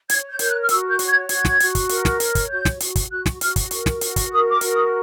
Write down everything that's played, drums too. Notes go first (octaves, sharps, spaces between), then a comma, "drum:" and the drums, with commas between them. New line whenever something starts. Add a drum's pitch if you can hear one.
C#5 G#6, drum: hi-hat
G6
A#4 G6, drum: hi-hat
F#6
F6
F#4 E6, drum: hi-hat
G6
C#5, drum: hi-hat
G#6
F#4 G#6, drum: hi-hat
drum: snare
F#4, drum: hi-hat
drum: kick, hi-hat
A#4, drum: hi-hat
drum: snare
C#5, drum: hi-hat
drum: kick, hi-hat
F#4 G6
drum: snare
F#4, drum: hi-hat
drum: kick, hi-hat
F#4 F#6
drum: snare
F#4 F6, drum: hi-hat
drum: kick, hi-hat
A#4, drum: hi-hat
drum: snare
F#4, drum: hi-hat
drum: kick, hi-hat
A#4 D#6
D6
F#4, drum: hi-hat
D#6